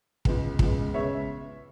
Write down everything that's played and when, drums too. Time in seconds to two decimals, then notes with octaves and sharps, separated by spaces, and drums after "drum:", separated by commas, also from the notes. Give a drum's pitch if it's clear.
0.25 C#2 C#3 G#3 B3, drum: kick
0.59 C#2 C#3 G#3 B3, drum: kick
0.94 C#3 G#3 B3 C#5 E5